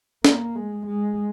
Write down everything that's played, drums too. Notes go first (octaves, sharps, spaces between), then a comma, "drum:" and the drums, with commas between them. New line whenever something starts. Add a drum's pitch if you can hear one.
A#3, drum: snare
G#3
G#3